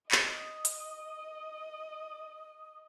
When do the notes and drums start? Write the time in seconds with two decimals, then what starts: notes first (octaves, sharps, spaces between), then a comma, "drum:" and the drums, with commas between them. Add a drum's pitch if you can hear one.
0.12 D#5 D#6, drum: clap
0.65 drum: hi-hat